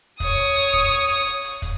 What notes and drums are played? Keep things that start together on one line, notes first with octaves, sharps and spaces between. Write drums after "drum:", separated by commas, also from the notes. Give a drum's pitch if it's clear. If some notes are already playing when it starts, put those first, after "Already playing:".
C#5 D#6, drum: kick, hi-hat
drum: hi-hat
drum: hi-hat
drum: kick, hi-hat
drum: hi-hat
drum: hi-hat
drum: hi-hat
drum: hi-hat
drum: kick, hi-hat